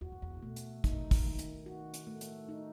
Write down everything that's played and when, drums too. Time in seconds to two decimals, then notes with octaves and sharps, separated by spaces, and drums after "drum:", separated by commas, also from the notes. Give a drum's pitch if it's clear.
0.01 E2 F#4
0.12 F#2
0.22 E2
0.37 C#3
0.42 B2 A3
0.56 drum: hi-hat
0.84 B2 D#4, drum: kick, hi-hat
1.11 drum: kick, open hi-hat
1.25 D#3
1.39 drum: hi-hat
1.66 F#4
1.94 drum: hi-hat
2.07 A3
2.21 drum: hi-hat
2.49 D#4